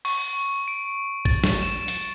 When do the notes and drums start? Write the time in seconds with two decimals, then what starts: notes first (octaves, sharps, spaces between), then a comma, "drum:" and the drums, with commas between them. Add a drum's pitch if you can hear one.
0.05 C#6, drum: open hi-hat
0.68 D7
1.25 A6, drum: kick
1.44 drum: snare
1.63 E7
1.88 drum: hi-hat